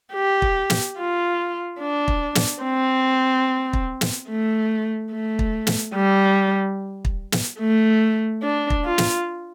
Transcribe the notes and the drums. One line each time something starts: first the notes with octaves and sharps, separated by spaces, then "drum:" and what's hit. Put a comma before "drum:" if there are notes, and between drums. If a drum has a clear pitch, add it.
G4
drum: kick
drum: snare
F4
D4
drum: kick
drum: snare
C4
drum: kick
drum: snare
A3
A3
drum: kick
drum: snare
G3
drum: kick
drum: snare
A3
D4
drum: kick
F4
drum: snare